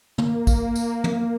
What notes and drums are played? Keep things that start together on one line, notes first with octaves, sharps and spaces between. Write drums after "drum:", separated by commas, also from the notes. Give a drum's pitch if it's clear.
A#3, drum: tom
drum: kick, tambourine
drum: tambourine
drum: tom